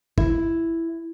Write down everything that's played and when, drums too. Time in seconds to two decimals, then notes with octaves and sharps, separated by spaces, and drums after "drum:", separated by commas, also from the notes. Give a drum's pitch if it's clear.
0.18 E4, drum: kick